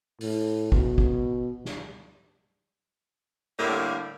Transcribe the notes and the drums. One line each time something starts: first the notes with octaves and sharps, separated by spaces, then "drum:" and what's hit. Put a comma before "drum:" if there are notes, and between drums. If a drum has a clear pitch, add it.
A2, drum: open hi-hat
B2, drum: kick
drum: kick
drum: snare
A2 D3 G3 A#3